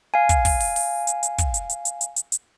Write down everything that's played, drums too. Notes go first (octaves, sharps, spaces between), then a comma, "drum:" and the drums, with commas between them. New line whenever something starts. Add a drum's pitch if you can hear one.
F5 G#5
drum: kick, hi-hat
drum: kick, open hi-hat
drum: open hi-hat
drum: open hi-hat
drum: hi-hat
drum: hi-hat
drum: kick, hi-hat
drum: hi-hat
drum: hi-hat
drum: hi-hat
drum: hi-hat
drum: hi-hat
drum: hi-hat